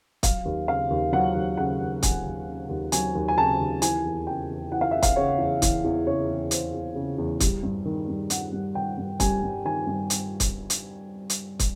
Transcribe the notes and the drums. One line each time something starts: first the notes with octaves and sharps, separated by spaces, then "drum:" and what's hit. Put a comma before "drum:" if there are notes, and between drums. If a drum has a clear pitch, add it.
F#3 F5, drum: kick, hi-hat
D#2
C#3 F5
D#2
F#3 F#5
D#2
C#3 F#5
D#2
F#3 G#5, drum: kick, hi-hat
D#2
C#3
D#2
F#3 G#5, drum: hi-hat
D#2
G#5
C#3 A5
D#2
E3 G#5, drum: hi-hat
E2
C#3 G5
E2
E3 F#5
F5
E2 E5
F5, drum: kick, hi-hat
C#3 C#5
E2
E3, drum: kick, hi-hat
E2
C#3 C#5
E2
E3 C5, drum: hi-hat
E2
C#3
E2
G3, drum: kick, hi-hat
G2
D#3
G2
G3 F#5, drum: hi-hat
G2
D#3 G5
G2
G3 G#5, drum: kick, hi-hat
G2
D#3 G#5
G2
drum: hi-hat
drum: kick, hi-hat
drum: hi-hat
drum: hi-hat
drum: kick, hi-hat